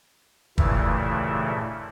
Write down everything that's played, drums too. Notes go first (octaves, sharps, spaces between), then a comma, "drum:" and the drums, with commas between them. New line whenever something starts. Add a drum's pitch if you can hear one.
G2 A#2 C#3 E3 A3 E4, drum: kick